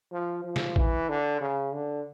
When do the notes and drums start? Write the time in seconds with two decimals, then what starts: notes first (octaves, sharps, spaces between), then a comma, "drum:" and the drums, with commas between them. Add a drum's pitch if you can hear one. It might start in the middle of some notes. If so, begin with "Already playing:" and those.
0.12 F3
0.44 F3
0.56 drum: snare
0.76 E3, drum: kick A#1
1.09 D3
1.41 C#3
1.74 D3